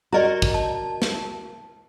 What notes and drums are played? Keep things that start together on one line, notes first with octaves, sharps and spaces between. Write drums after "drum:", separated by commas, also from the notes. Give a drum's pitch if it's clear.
F#4 A#4 D5 D#5 A#5
drum: kick
A5
drum: snare